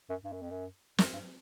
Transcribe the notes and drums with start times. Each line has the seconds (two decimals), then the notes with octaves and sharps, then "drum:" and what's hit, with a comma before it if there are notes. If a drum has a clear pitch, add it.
0.09 F#2
0.24 G2
0.32 F#2
0.41 F2
0.51 F#2
0.98 F#2, drum: snare
1.13 G2